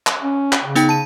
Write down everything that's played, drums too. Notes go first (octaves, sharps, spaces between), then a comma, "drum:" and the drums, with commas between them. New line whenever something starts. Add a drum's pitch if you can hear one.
drum: clap
C#4
drum: clap
C#3
B3 D#4 G5, drum: hi-hat
A5 D#7